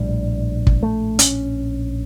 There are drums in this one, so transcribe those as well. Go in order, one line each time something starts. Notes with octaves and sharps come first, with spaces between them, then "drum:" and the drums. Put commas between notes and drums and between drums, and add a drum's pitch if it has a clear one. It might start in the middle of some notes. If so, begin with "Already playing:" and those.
Already playing: A#1 A2 G3
drum: kick
A3
C#4, drum: hi-hat